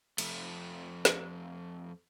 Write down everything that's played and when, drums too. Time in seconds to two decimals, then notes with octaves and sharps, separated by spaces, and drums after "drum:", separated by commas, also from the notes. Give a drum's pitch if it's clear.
0.18 F2 A3, drum: cymbal
1.05 drum: snare